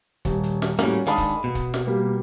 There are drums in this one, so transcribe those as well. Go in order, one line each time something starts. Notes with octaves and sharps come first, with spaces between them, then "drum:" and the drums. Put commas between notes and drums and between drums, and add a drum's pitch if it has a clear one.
D#1, drum: kick, hi-hat
drum: hi-hat
drum: snare
A2 G3 A#3 C#4 F#4, drum: snare
D#3 G#3 D4 F5 B5 D#6
drum: kick, hi-hat
B2
drum: kick, hi-hat
drum: snare
G3 A#3 G4